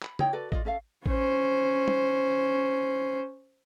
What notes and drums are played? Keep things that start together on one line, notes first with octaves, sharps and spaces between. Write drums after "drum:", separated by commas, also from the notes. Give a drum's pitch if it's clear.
B5, drum: clap
D#4 E4 C#5 G5, drum: tom
F#4 A4 B4 D5
F4 D5 D#5, drum: kick A1
C#4 A4 E5 F5
C#4 C5, drum: kick A1
drum: tom